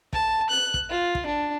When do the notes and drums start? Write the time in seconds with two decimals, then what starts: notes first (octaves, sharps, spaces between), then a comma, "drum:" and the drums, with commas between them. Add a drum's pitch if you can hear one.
0.13 A5, drum: kick
0.49 F#6
0.74 drum: kick
0.89 F4
1.15 drum: kick
1.26 D4